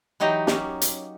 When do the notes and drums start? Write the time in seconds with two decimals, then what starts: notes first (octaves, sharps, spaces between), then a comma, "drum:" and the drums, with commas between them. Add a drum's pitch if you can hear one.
0.20 E3 F#3 D#4 G4 D#5
0.47 A#3 C#4, drum: snare
0.82 drum: hi-hat